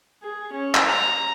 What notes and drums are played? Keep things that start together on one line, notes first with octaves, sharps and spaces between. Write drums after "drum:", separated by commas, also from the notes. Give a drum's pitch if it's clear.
G#4
C#4
drum: clap
A#5